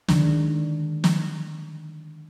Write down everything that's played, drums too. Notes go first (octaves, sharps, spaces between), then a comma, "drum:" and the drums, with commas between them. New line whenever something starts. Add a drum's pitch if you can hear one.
D3 D#3 G#3 D4, drum: snare
drum: snare